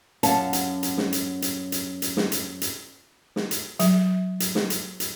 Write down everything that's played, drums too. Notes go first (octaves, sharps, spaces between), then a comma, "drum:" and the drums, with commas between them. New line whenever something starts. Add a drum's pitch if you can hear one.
F#2 C#4 F5 F#5 A5, drum: hi-hat
drum: hi-hat
drum: hi-hat
drum: snare
drum: hi-hat
drum: hi-hat
drum: hi-hat
drum: hi-hat
drum: snare
drum: hi-hat
drum: hi-hat
drum: snare
drum: hi-hat
F#3, drum: hi-hat
drum: hi-hat
drum: snare
drum: hi-hat
drum: hi-hat